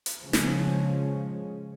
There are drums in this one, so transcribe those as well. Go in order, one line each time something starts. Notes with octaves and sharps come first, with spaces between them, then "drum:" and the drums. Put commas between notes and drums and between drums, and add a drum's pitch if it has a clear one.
drum: hi-hat
C#3 F3 G#3 C#4
drum: snare